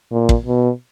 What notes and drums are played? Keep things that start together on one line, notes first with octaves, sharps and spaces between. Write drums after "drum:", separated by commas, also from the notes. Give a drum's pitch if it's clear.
A#2
drum: kick
B2